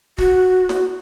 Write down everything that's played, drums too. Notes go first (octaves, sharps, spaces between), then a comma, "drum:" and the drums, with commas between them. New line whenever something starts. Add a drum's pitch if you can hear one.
F#4, drum: kick
drum: snare